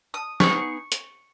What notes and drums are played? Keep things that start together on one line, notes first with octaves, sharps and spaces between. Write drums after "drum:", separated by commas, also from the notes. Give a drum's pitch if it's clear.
D#6
B3 D#4 G#4 C#6, drum: snare
drum: hi-hat